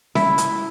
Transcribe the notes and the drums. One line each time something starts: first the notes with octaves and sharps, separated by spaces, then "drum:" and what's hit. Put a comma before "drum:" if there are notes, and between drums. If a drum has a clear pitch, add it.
E4, drum: snare C#4
drum: hi-hat